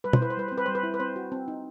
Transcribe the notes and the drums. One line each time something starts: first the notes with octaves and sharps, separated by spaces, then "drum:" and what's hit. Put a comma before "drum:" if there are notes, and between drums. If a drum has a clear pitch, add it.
G3 B4
C5, drum: tom
E4 B4
C5
G3 B4
C4 C5
B4
G3 C5
B4
E4
B4
C4 C5
F#4
C4
D#4